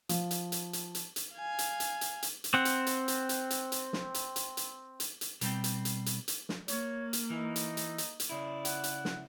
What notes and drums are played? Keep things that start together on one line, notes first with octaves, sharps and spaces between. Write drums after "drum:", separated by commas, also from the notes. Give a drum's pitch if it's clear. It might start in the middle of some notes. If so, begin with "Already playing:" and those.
F3, drum: hi-hat
drum: hi-hat
drum: hi-hat
drum: hi-hat
drum: hi-hat
drum: hi-hat
F5 G#5
drum: hi-hat
drum: hi-hat
drum: hi-hat
drum: hi-hat
drum: hi-hat
C4 F#5
drum: hi-hat
drum: hi-hat
drum: hi-hat
drum: hi-hat
drum: hi-hat
drum: hi-hat
drum: snare
drum: hi-hat
drum: hi-hat
drum: hi-hat
drum: hi-hat
drum: hi-hat
B2 G3 C4 G5, drum: hi-hat
drum: hi-hat
drum: hi-hat
drum: hi-hat
drum: hi-hat
drum: snare
A#3 C#5, drum: hi-hat
drum: hi-hat
E3 D#4
drum: hi-hat
drum: hi-hat
drum: hi-hat
drum: hi-hat
C#3 E4 D5
F#5, drum: hi-hat
drum: hi-hat
drum: snare